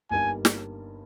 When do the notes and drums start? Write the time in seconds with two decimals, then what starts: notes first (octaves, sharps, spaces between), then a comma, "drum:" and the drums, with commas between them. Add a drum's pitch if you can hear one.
0.10 G1 G2 G3 A#3 D#4 G#5
0.45 drum: snare